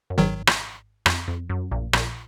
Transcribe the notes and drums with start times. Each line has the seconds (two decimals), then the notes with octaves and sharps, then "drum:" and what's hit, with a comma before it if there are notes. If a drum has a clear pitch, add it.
0.10 F#2
0.18 G#1 G#2 D#3 F#3
0.47 drum: rim click
1.06 F2, drum: rim click
1.28 F2
1.50 F#2
1.72 A#1 A#2
1.93 A#1 A#2, drum: rim click